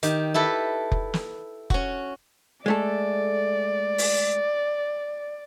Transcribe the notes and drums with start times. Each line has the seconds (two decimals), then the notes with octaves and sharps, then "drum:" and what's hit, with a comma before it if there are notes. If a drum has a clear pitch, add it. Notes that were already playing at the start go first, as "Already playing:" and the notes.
0.03 D#3 G4, drum: hi-hat
0.34 E4 G4 A4 B4
0.92 drum: kick F1
1.14 drum: snare
1.70 C#4 F#4, drum: kick F1
2.66 G#3 A3 A4 D5
3.98 drum: open hi-hat